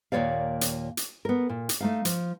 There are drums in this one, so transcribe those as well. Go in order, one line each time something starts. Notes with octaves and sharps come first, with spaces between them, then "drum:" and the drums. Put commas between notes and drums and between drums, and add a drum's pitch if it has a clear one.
D#2 A#2 A#3 C#5 D5 F5
drum: hi-hat
drum: hi-hat
B3 A#4
A#2
drum: hi-hat
A3 D#4 F5
F3, drum: hi-hat